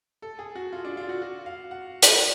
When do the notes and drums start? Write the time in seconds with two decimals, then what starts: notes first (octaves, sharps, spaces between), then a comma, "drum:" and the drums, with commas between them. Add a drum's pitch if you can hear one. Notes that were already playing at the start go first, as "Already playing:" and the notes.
0.22 A4
0.39 G#4
0.55 F#4
0.72 F4
0.85 D4
0.97 F4
1.09 F#4
1.22 F#4
1.46 F5
1.71 F#5
2.02 drum: hi-hat